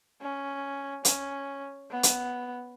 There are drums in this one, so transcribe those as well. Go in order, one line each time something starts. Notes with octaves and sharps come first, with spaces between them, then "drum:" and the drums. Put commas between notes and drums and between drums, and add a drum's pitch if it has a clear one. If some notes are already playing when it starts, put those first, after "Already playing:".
C#4
C#4, drum: hi-hat
B3
drum: hi-hat